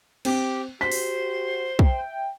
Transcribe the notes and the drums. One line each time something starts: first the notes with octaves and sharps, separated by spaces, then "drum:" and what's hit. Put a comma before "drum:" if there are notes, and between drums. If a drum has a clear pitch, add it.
C4 G4, drum: cymbal
F#4 G4 C5 B6
drum: open hi-hat
E5 G5, drum: kick